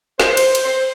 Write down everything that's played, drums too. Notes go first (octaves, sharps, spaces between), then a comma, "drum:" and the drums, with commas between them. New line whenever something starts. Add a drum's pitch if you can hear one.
C5, drum: snare
drum: cymbal
drum: cymbal
C5